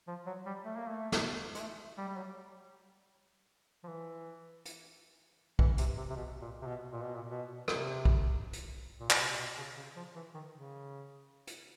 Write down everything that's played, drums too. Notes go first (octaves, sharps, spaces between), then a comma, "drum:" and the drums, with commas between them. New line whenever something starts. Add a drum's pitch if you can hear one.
F3
F#3
G3
A3
A#3
A3
drum: snare
G#3, drum: hi-hat
A3
G3
G3
F#3
F3
E3
drum: hi-hat
E3, drum: kick B1
C3, drum: hi-hat
C3
C3
B2
A#2
C3
B2
A#2
B2
A#2
B2
C3, drum: rim click
drum: kick B1
drum: hi-hat
A#2
B2, drum: clap
C3
B2
C#3
C#3
F3
E3
D#3
C#3
drum: hi-hat